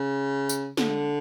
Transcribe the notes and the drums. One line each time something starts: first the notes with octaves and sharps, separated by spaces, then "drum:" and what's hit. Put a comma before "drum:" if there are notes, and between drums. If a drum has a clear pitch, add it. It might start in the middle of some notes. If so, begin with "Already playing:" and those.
Already playing: C#3
drum: tambourine
D3, drum: snare